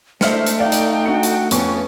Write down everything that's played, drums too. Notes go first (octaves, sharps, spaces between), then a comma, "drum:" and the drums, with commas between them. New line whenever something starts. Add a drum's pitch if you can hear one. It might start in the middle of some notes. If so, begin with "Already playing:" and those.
A3 D4 C5 E5 F6 C#7, drum: snare
drum: hi-hat
D#4 D5 F5 G5
drum: hi-hat
D4 F#4 C#7
drum: hi-hat
F2 B3 C#4 C#6, drum: hi-hat